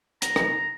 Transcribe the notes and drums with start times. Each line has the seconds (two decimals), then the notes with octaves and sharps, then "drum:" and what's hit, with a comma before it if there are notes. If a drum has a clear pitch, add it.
0.22 A#5, drum: hi-hat
0.36 drum: rim click